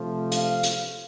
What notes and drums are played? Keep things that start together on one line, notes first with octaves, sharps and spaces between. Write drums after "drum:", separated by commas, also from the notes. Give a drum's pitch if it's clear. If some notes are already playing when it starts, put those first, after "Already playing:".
Already playing: C3 F3 A3
F5, drum: hi-hat
drum: hi-hat